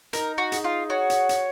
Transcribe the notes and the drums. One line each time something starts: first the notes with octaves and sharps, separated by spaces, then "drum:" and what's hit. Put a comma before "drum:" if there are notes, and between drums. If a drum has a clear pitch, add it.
D#4 A#4, drum: hi-hat
F#4
G#4, drum: hi-hat
F4
F#4 C#5
drum: hi-hat
drum: hi-hat